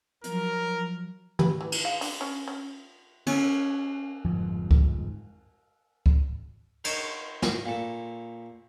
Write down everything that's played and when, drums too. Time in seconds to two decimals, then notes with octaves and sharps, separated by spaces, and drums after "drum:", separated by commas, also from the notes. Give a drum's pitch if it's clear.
0.24 F3 F#3 A#4, drum: hi-hat
1.39 B4, drum: tom
1.61 E3
1.72 drum: cymbal
1.85 F5
2.01 D4, drum: open hi-hat
2.21 C#4
2.48 C#4
3.27 C#4, drum: cymbal
4.25 G1 F2 G#2 F3
4.71 drum: kick C#2
6.06 drum: kick C#2
6.84 A#4 C5 C#5 D#5 A5, drum: cymbal
7.42 drum: snare
7.66 A#2 A4